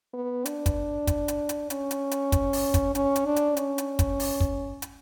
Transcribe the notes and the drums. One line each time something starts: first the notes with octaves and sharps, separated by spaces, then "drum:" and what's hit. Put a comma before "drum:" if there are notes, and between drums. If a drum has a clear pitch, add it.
B3
D4, drum: hi-hat
drum: kick, hi-hat
drum: kick, hi-hat
drum: hi-hat
drum: hi-hat
C#4, drum: hi-hat
drum: hi-hat
drum: hi-hat
drum: kick, hi-hat
drum: open hi-hat
drum: kick, hi-hat
C#4, drum: hi-hat
drum: hi-hat
D4
drum: hi-hat
C#4, drum: hi-hat
drum: hi-hat
drum: kick, hi-hat
drum: open hi-hat
drum: kick
drum: hi-hat